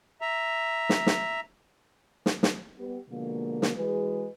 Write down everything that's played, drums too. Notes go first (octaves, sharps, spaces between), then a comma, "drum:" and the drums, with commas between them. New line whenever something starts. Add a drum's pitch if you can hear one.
E5 A#5
drum: snare
drum: snare
drum: snare
drum: snare
G3 B3 G4
B2 D3 F3 G#3 A#3
drum: snare
E3 G#3 F#4 G#4 B4